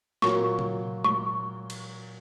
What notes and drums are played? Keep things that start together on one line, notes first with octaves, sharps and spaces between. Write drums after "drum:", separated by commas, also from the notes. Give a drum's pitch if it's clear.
A#2 F#3 A#3 C#6, drum: snare
drum: tom
C#6, drum: tom
drum: cymbal